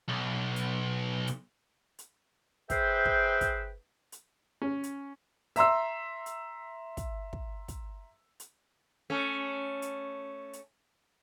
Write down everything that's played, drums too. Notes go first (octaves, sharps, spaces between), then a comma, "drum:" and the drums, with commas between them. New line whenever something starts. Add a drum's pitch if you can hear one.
B1
drum: hi-hat
drum: hi-hat
drum: hi-hat
G#4 B4 C5 E5 G5, drum: kick, hi-hat
drum: kick
drum: kick, hi-hat
drum: hi-hat
C#4
drum: hi-hat
E5 A#5 C6 E6, drum: hi-hat
drum: hi-hat
drum: kick, hi-hat
drum: kick
drum: kick, hi-hat
drum: hi-hat
A3 C#4
drum: hi-hat
drum: hi-hat